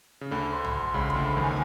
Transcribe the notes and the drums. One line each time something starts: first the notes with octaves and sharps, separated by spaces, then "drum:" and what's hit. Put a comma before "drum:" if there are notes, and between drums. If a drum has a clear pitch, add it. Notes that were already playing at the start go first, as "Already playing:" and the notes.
C#3
D2 D3 B5
C6
B5, drum: tom
C6
C#2 C#3 B5
C6, drum: kick
D2 D3
B5
D#2 D#3
G#5